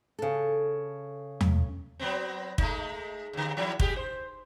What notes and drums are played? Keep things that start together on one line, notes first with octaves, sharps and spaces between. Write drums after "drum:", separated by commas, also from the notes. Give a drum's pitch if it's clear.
C#3 A4
drum: tom E2
F#3 B3 C4
G#3 A3 D#4, drum: kick
D#2 D3
E3 F#3 E4
G#3 G4 G#4, drum: kick
C5